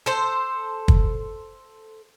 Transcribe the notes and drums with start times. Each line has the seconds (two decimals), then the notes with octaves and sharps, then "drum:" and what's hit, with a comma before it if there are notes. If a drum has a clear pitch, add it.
0.06 A4 C5
0.88 drum: kick